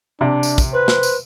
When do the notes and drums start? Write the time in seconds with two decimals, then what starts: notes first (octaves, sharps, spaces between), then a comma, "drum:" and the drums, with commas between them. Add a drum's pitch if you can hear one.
0.21 C3 D4
0.43 drum: tambourine
0.58 drum: kick, tambourine
0.73 B4 C5
0.88 drum: snare
1.03 drum: tambourine